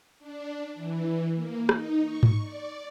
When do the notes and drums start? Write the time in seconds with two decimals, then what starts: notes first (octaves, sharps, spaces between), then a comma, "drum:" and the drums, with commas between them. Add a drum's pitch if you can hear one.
0.19 D4
0.75 E3
1.35 A#3
1.69 D#4, drum: rim click
2.03 C#6
2.23 drum: tom G#2
2.42 D5